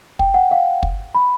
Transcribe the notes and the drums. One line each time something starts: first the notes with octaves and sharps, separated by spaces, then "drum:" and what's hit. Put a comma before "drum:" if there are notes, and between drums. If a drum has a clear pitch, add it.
G5, drum: kick
F#5
F5
drum: kick
B5